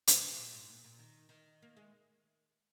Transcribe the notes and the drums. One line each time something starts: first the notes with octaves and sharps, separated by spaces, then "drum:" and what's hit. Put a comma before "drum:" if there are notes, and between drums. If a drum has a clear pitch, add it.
A#2, drum: hi-hat
C3
A#2
G#2
A#2
A#2
D#3
D#3
A#3
G#3